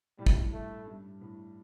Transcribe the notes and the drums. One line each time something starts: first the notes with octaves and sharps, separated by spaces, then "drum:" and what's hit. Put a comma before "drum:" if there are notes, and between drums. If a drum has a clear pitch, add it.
A2 G3
G2, drum: kick
A2
A3
G2
A2